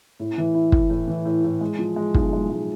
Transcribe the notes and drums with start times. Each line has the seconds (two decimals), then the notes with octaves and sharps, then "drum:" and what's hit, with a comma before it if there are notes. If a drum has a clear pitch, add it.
0.20 A2
0.38 E3
0.55 E4
0.72 E4, drum: kick
0.90 A2
1.08 E3
1.25 A2
1.44 A2
1.61 G#3
1.79 F3
1.96 G#3
2.14 B1, drum: kick
2.33 G#3
2.49 G#3